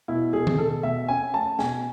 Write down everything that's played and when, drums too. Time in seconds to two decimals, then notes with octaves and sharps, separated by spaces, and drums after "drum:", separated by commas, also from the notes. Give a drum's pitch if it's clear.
0.08 B2 E4
0.33 B2 G#4
0.47 drum: tom D#3
0.58 B2 A4
0.83 B2 E5
1.08 C#4 G#5
1.33 A3 A5
1.59 B2 G#5, drum: snare